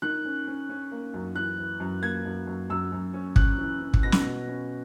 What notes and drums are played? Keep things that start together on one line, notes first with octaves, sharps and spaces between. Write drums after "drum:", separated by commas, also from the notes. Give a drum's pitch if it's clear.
D#3 F#6
C#4
C#4
C#4
A#3
F#2
E3 F#6
E3
F#2
A#3 G#6
F#2
F#2
F#2 E6
F#2
C#4
C#4 F#6, drum: kick
E3
C#4
drum: kick
B2 A#6
drum: snare
B2
C#4